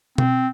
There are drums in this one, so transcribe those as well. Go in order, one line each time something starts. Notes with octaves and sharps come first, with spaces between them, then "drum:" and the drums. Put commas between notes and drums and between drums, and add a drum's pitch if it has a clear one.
C4, drum: tom B2